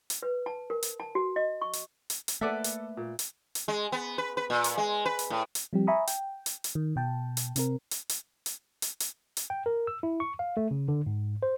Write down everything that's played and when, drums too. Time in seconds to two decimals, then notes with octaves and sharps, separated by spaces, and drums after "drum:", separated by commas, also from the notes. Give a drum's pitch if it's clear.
0.10 drum: hi-hat
0.22 B4
0.46 A5
0.70 A#4
0.83 drum: hi-hat
1.00 A5
1.15 F#4
1.36 D#5
1.61 C#6
1.73 drum: hi-hat
2.10 drum: hi-hat
2.28 drum: hi-hat
2.41 A3 A#3 A4 B4 D5 E5 F#5 D6
2.64 drum: hi-hat
2.97 A#2
3.19 drum: hi-hat
3.55 drum: hi-hat
3.68 G#3
3.92 B3
4.18 B4
4.37 B4
4.50 A#2
4.64 drum: hi-hat
4.78 G#3
5.06 B4
5.19 drum: hi-hat
5.30 A2
5.55 drum: hi-hat
5.73 F3 G3 C4 G4
5.87 E5 G#5 A#5 B5 C#6 D#6
6.07 G5, drum: hi-hat
6.46 drum: hi-hat
6.64 drum: hi-hat
6.75 D#3
6.96 B2 G5 A5
7.37 drum: hi-hat
7.56 C3 C4 A#4, drum: hi-hat
7.91 drum: hi-hat
8.09 drum: hi-hat
8.46 drum: hi-hat
8.82 drum: hi-hat
9.00 drum: hi-hat
9.37 drum: hi-hat
9.50 G5
9.66 A#4
9.87 E6
10.03 E4
10.20 C#6
10.39 F5
10.57 A3
10.71 C#3
10.88 D3
11.06 G#2
11.43 C5